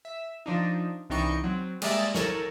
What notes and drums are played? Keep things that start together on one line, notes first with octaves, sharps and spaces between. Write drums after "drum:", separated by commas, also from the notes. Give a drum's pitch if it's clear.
E5
F3 D4 D#4
C2 E3 D4 D#4 G5 C#6
F#3 C4
G3 G#3 A#3 D5 E5, drum: cymbal
A4 A#4 C#5, drum: snare